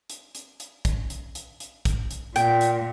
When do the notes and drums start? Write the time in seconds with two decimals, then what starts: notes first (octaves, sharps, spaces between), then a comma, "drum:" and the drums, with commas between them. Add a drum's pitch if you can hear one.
0.10 drum: hi-hat
0.35 drum: hi-hat
0.60 drum: hi-hat
0.85 drum: kick, hi-hat
1.10 drum: hi-hat
1.35 drum: hi-hat
1.60 drum: hi-hat
1.85 drum: kick, hi-hat
2.11 drum: hi-hat
2.36 A#2 G5, drum: hi-hat
2.61 drum: hi-hat